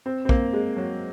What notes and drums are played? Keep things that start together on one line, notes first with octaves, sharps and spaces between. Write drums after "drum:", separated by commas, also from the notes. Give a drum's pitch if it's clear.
C4
C4
A#3, drum: kick
G#3
F#3